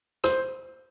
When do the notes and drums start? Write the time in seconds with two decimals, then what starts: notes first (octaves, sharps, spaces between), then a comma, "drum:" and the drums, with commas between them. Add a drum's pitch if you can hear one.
0.24 C5, drum: rim click